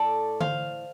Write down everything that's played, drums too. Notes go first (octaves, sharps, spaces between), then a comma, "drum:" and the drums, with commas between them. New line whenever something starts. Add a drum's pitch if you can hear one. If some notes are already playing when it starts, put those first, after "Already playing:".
Already playing: A2 A4 D5
C5 F5, drum: tom D3